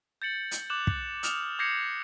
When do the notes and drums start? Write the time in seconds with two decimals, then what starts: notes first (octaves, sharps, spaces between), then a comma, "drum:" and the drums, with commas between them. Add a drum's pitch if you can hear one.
0.22 G6 A6 C#7 F#7
0.51 drum: hi-hat
0.70 D6 F#6 E7 F#7
0.87 drum: kick
1.23 D#6 F6 E7 F7, drum: hi-hat
1.59 D6 G6 G#6 A#6 C7 C#7